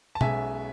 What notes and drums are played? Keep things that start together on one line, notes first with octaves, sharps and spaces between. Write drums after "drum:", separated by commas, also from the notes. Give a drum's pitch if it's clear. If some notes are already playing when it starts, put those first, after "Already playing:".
A5
B1 B2 G#3 C#4 E5 G#5, drum: tom B2